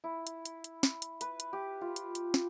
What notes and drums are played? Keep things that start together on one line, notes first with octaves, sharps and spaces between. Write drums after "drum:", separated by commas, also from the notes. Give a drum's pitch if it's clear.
E4
drum: hi-hat
drum: hi-hat
drum: hi-hat
drum: snare
drum: hi-hat
B4, drum: hi-hat
drum: hi-hat
G4
F4
drum: hi-hat
drum: hi-hat
drum: snare